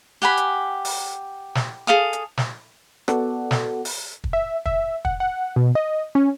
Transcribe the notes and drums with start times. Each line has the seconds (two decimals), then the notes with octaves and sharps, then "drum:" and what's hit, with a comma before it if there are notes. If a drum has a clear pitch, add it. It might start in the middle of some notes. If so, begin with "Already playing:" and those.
0.22 G4 F#5 G#5 B5
0.37 drum: hi-hat
0.85 drum: open hi-hat
1.55 drum: snare
1.87 G#4 A4 F5 D#6
2.13 drum: hi-hat
2.37 drum: snare
3.08 B3 F#4 A4 D5 F#5, drum: rim click
3.51 drum: snare
3.85 drum: open hi-hat
4.24 drum: kick
4.33 E5
4.66 E5, drum: kick
5.05 F#5, drum: kick
5.20 F#5
5.56 B2
5.75 D#5
6.15 C#4